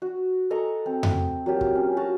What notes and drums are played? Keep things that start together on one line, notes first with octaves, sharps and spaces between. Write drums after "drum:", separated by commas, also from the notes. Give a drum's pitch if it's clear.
F#4
A4 D#5 A#5 C#6
C4
drum: tom F2
F#3 A#3 F4 G4
drum: kick
C#4
F#4 A5 A#5